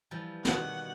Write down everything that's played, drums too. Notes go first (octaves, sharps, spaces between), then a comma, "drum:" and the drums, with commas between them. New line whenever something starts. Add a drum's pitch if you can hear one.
E3 F3 G3
B2 D#3 G4 F#5, drum: snare